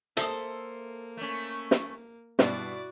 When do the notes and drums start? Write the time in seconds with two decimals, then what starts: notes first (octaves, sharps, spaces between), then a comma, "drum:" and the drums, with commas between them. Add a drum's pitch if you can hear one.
0.17 A#3 A4 C5 E5 D#6, drum: hi-hat
1.17 A3 C#4
1.71 drum: snare
2.39 G2 B2 D4 E4 F#4 D5, drum: snare